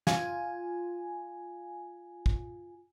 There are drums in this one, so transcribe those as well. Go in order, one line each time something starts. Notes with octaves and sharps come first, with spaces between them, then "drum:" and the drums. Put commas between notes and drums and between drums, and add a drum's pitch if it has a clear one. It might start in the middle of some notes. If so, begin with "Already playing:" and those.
F4 G#5, drum: snare
drum: kick